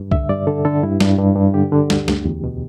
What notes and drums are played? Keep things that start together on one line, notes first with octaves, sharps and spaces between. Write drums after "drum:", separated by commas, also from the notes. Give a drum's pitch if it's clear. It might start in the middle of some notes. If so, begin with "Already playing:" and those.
Already playing: G2
D3 E5, drum: kick C2
G2 D5
D3 A4
D3 A4
G2 E4
G2, drum: snare
G2
G2
D3 G4
D3
D2, drum: snare
D2, drum: snare
E2
B2